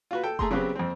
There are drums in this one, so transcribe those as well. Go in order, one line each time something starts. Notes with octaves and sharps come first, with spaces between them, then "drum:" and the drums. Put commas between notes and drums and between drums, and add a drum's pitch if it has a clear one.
F4 F#4 B4
A4 G5
A3 G#4 A#5 C6, drum: kick F1
C#3 F#3 B3 C4 F#4 G4
F2 C4